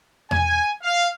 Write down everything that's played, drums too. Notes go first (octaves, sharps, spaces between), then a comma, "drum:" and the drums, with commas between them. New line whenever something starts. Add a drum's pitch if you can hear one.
G#5, drum: tom E2
F5